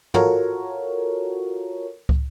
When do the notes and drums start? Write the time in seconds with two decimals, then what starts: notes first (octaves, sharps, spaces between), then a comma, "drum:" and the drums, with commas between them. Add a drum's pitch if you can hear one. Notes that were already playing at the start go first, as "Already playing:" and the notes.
0.14 F4 F#4 A4 A#4 C#5, drum: tom
2.09 drum: kick